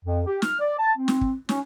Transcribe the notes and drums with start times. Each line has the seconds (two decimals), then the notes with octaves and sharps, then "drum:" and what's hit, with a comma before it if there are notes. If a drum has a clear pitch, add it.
0.04 F2
0.26 G4
0.42 F6, drum: snare
0.60 D5
0.78 A5
0.98 C4
1.08 drum: snare
1.21 drum: kick
1.49 C#4, drum: snare